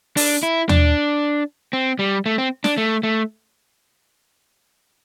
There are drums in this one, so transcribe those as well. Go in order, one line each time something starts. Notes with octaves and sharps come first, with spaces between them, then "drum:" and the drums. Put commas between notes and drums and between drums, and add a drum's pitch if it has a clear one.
D4, drum: open hi-hat
E4
D4, drum: tom
C4
G3
A3
C4
D4, drum: snare
A3
A3